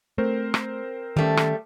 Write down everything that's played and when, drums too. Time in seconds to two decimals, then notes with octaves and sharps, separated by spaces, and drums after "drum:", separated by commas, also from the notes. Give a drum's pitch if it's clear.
0.18 A3 C4 A#4 C5
0.54 drum: rim click
1.16 D#3 G3 A3 C#4
1.37 drum: rim click